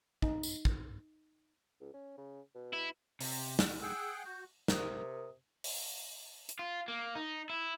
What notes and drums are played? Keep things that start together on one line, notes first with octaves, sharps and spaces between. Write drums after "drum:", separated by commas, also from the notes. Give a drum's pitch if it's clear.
D#4, drum: kick
drum: tambourine
drum: kick
C#2
C#4
C#3
B2
E4
C3, drum: open hi-hat
drum: snare
G#4 F#5 G5 E6
F#4 G6
C3 A#4 D#6, drum: snare
drum: open hi-hat
drum: hi-hat
F4
A#3
D#4
E4